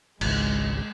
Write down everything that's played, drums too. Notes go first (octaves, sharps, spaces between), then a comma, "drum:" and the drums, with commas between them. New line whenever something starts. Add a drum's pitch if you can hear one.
G#1 C#2 G#3, drum: cymbal